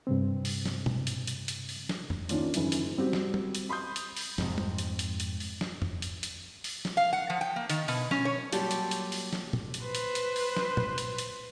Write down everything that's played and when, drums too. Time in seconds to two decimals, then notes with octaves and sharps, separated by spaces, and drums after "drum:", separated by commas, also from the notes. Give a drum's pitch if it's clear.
0.07 G2 C3 C4
0.45 drum: open hi-hat
0.66 drum: snare
0.86 drum: tom B2
1.07 drum: hi-hat
1.27 drum: hi-hat
1.48 drum: hi-hat
1.69 drum: open hi-hat
1.89 drum: snare
2.10 drum: tom F2
2.29 D#3 A#3 C#4 D4 F4, drum: hi-hat
2.54 F#1 F#2 D#3 E3, drum: hi-hat
2.72 drum: hi-hat
2.97 G3 C4 F#4 G4
3.13 drum: snare
3.34 drum: tom
3.55 drum: hi-hat
3.69 B5 C6 D#6 G6
3.96 drum: hi-hat
4.17 drum: open hi-hat
4.38 F2 G#2 C3, drum: snare
4.58 drum: tom
4.78 drum: hi-hat
4.99 drum: hi-hat
5.20 drum: hi-hat
5.40 drum: open hi-hat
5.61 drum: snare
5.82 drum: tom F2
6.02 drum: hi-hat
6.23 drum: hi-hat
6.64 drum: open hi-hat
6.85 drum: snare
6.97 F5
7.13 F#5
7.30 F3
7.41 G5
7.56 A#3
7.70 D#3, drum: hi-hat
7.88 B2, drum: open hi-hat
8.11 C#4, drum: snare
8.25 C#5
8.52 A#2 F#3 G3 G4 A4 C6, drum: hi-hat
8.71 drum: hi-hat
8.91 drum: hi-hat
9.12 drum: open hi-hat
9.33 drum: snare
9.53 drum: tom
9.74 drum: hi-hat
9.83 B4 C5
9.95 drum: hi-hat
10.15 drum: hi-hat
10.36 drum: open hi-hat
10.57 drum: snare
10.77 drum: tom
10.98 drum: hi-hat
11.18 drum: hi-hat